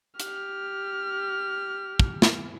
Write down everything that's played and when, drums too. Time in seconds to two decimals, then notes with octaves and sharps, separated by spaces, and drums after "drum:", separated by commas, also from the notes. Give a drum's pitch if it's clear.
0.20 G4 F6, drum: hi-hat
2.00 drum: kick
2.22 drum: snare